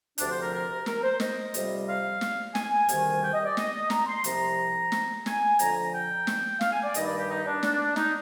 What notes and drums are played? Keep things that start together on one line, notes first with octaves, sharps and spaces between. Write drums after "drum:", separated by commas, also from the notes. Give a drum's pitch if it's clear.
D2 C3 F3 D4, drum: hi-hat
C5
A#4
A#4
A#4, drum: snare
C5
D#5, drum: snare
F2 C3 G3, drum: hi-hat
F5
drum: snare
G#5, drum: snare
D2 C3 D#3 G3 G#5, drum: hi-hat
G5
D#5
D5
D#5, drum: snare
A#5, drum: snare
C6
C2 C3 F3 A#5, drum: hi-hat
drum: snare
G#5, drum: snare
F2 D3 F3 A#5, drum: hi-hat
G5
drum: snare
F5, drum: snare
G#5
D5
G2 D#3 G3 D#5, drum: hi-hat
D5
G4
D#4
D4
D4, drum: snare
D#4, drum: snare